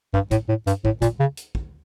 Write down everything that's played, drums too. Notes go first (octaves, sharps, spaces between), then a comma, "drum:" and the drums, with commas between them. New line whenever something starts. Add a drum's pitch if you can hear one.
G2, drum: kick
A2, drum: kick, hi-hat
A2
G2, drum: hi-hat
A2, drum: kick
A#2, drum: kick, hi-hat
C#3
drum: hi-hat
drum: kick